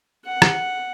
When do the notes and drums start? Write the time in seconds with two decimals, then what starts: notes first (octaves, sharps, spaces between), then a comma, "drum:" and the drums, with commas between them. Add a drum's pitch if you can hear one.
0.26 F#5
0.42 drum: rim click